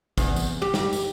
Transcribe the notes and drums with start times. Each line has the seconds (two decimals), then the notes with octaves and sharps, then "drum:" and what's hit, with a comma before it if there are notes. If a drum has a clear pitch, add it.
0.18 E2, drum: kick, tambourine
0.36 drum: tambourine
0.62 G4
0.74 drum: snare
0.93 drum: tambourine